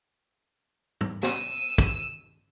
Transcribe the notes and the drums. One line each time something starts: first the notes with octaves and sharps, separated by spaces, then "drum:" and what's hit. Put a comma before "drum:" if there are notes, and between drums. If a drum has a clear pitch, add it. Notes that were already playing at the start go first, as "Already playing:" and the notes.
drum: tom
E6 D#7, drum: snare
drum: kick